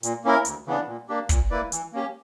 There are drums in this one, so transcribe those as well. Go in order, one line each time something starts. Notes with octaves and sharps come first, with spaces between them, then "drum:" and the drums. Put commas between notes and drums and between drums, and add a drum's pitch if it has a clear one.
A#2, drum: hi-hat
A#3 C#4 E4 A#4
D2, drum: hi-hat
C#3 E3 B3 D4
A#2
A#3 D4 G4
A#2, drum: kick, hi-hat
A#3 E4 B4 D5
E3, drum: hi-hat
A#3 C#4 G4